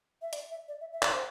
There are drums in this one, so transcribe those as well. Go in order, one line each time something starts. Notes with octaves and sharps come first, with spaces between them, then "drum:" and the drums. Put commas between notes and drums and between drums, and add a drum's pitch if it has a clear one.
E5
D5, drum: hi-hat
E5
D5
E5
E5
D5, drum: clap
C5